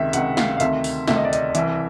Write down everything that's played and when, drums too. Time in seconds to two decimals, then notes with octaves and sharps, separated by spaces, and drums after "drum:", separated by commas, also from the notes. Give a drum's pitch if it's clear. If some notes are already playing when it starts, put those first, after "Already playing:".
Already playing: C#2 C3 D#3 E5
0.13 C#2 C3 D#3 F#5, drum: hi-hat
0.37 F5, drum: snare
0.57 F5
0.60 D2 C3 D#3 E5, drum: hi-hat
0.84 drum: open hi-hat
1.08 D2 C3 D#3 E5, drum: snare
1.16 D#5
1.25 D5
1.33 D#5, drum: hi-hat
1.50 D#5
1.55 C2 C3 E3 E5, drum: hi-hat